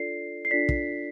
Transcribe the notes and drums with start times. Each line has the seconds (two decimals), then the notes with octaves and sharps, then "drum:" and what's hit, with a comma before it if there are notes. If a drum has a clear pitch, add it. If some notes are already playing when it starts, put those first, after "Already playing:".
Already playing: D4 F4 A4 D5 C7
0.45 C7
0.51 D4 F4 A4 D5 B6
0.69 drum: kick